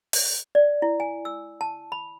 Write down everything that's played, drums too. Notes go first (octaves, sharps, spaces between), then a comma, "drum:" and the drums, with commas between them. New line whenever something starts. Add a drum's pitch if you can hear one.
drum: open hi-hat
D5
E4
G#5
E6
A5
B5